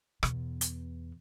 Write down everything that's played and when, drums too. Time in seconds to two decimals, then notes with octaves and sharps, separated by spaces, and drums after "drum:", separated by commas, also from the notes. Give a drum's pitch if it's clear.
0.23 E2 B2, drum: rim click
0.61 drum: hi-hat